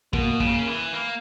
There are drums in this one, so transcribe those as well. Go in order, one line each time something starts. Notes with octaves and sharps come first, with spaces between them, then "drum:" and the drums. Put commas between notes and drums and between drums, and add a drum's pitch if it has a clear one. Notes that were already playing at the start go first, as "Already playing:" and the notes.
B2 A#3, drum: kick
C#3, drum: kick
E3
A#3